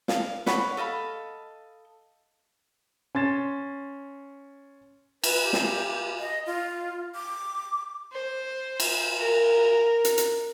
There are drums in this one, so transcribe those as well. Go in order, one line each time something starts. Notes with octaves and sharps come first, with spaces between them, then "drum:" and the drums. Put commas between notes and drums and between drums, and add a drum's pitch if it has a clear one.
F5, drum: snare
B4 C#5 F#5 B5, drum: snare
A4 D#5 F5 B5
C#4 C6 A6 E7
B4, drum: cymbal
G4
drum: snare
D#5
F4
D6
C5
drum: cymbal
A#4
drum: hi-hat
drum: hi-hat